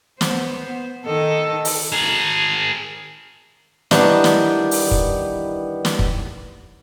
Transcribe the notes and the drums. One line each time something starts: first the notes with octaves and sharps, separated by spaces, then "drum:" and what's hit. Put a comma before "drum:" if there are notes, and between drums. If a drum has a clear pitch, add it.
B3 C5, drum: snare
D#3 A4 D#5
drum: open hi-hat
G#4 A#4
D#3 E3 G3 B3 D4, drum: snare
drum: snare
drum: open hi-hat
drum: kick
drum: snare
drum: kick